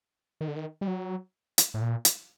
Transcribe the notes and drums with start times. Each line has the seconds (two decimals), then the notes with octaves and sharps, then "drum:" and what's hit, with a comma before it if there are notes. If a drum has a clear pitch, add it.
0.41 D#3
0.48 D3
0.56 D#3
0.81 G3
0.87 F#3
1.58 drum: hi-hat
1.74 A2
1.82 A#2
2.05 drum: hi-hat